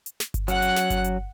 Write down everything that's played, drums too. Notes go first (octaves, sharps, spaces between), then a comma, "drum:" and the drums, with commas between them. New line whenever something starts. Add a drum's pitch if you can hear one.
drum: hi-hat
drum: snare
drum: kick G1, hi-hat
F#3 C#4 F#5 F#6, drum: hi-hat
drum: hi-hat
drum: snare
drum: kick G1, hi-hat
drum: hi-hat